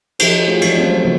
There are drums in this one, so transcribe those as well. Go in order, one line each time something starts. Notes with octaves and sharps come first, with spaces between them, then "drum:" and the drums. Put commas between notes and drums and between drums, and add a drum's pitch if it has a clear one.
F3 D#4 A#4, drum: cymbal
A3 D#4 F4 F#4 G#4
E3 F3 G#3 D4 D#4, drum: cymbal
F#3 A3 C4 C#4 F4
C#3 F3 A#3 B3